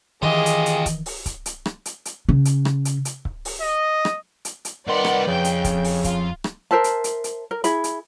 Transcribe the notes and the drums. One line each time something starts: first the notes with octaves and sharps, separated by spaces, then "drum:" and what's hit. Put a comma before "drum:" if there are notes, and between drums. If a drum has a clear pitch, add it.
D#3 E3 F4 G4 G#4 D#5
drum: hi-hat
drum: hi-hat
drum: kick C#1, hi-hat
drum: open hi-hat
drum: kick C#1, hi-hat
drum: hi-hat
drum: rim click
drum: hi-hat
drum: hi-hat
C#3
drum: hi-hat
drum: rim click
drum: hi-hat
drum: hi-hat
drum: kick C#1
drum: open hi-hat
D#5
drum: rim click
drum: hi-hat
drum: hi-hat
C2 D#3 B4 D5 F#5 C6
drum: rim click
F2 C#3 G5
drum: hi-hat
drum: kick C#1, hi-hat
drum: open hi-hat
F4, drum: kick C#1, hi-hat
drum: rim click
A#4 C5 E5 A5
drum: hi-hat
drum: hi-hat
drum: hi-hat
A#4
E4 G#4 B5, drum: hi-hat
drum: hi-hat